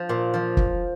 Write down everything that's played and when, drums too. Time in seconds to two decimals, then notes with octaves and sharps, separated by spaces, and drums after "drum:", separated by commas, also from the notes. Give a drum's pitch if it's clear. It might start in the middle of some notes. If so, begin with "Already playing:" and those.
Already playing: F3
0.09 A#2
0.34 F3
0.57 drum: kick